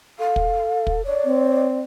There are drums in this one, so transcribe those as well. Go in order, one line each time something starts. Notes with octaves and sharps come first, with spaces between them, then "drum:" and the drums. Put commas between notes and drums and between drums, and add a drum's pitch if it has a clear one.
A4 F5
drum: kick
drum: kick
C#5 D5
C4